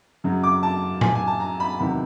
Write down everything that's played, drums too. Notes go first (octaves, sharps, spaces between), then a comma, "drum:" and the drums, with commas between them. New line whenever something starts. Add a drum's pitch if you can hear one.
F#2 C#3 F#3
D6
A5
G#5, drum: tom A2
G#5
A5
A#5
B5
E2 C3 D#3 F#3 B5